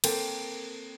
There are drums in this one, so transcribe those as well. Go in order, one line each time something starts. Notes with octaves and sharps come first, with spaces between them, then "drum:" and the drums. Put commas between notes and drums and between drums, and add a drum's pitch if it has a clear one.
A#3 C4 A4 G5, drum: cymbal